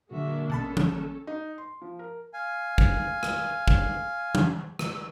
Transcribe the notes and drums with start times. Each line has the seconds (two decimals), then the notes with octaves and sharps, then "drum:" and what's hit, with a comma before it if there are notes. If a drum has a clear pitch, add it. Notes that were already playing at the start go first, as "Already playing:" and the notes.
0.11 A#2 D3 F#3 G#3 A#3 D4 F#4 E5
0.49 A1 B2 C#4 A4 A5 B5
0.77 drum: tom E3
1.27 D#4
1.58 C6
1.82 F3
1.99 A#4
2.33 F5 G#5
2.78 drum: kick
3.23 drum: rim click
3.68 drum: kick
4.35 drum: tom E3
4.79 drum: rim click